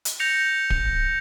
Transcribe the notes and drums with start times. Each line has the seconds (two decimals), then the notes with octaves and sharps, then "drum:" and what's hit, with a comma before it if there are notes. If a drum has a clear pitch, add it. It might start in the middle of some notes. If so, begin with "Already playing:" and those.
0.05 drum: hi-hat
0.20 G6 A#6 C#7 F7
0.70 drum: kick D1